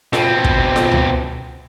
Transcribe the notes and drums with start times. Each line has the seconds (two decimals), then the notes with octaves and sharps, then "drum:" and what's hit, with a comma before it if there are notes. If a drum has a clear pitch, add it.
0.13 B2 C4, drum: snare F4
0.44 drum: kick
0.76 drum: snare F4
0.91 drum: tom C#2